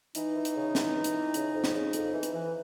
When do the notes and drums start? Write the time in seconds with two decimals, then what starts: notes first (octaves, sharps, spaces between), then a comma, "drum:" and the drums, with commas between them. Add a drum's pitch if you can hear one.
0.15 E3 D#4, drum: hi-hat
0.36 E3
0.45 drum: hi-hat
0.55 C#3
0.75 E3, drum: snare
0.94 E3
1.04 drum: hi-hat
1.14 E3
1.34 C#3, drum: hi-hat
1.53 F2
1.64 drum: snare
1.74 C#3
1.93 F2, drum: hi-hat
2.13 E3
2.23 drum: hi-hat
2.32 E3